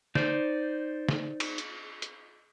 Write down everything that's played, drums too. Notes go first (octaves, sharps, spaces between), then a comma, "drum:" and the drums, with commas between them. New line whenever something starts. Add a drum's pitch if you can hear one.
D#4 C5 D5, drum: snare
drum: snare
drum: cymbal
drum: hi-hat
drum: hi-hat